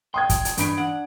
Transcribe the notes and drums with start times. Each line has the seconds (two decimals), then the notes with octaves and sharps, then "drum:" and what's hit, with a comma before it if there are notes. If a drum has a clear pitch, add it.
0.14 G5 C6 D#6 G#6
0.29 drum: kick, hi-hat
0.45 drum: hi-hat
0.57 G2 E3 D#4 B5 D7, drum: hi-hat
0.77 D4 F#5 D7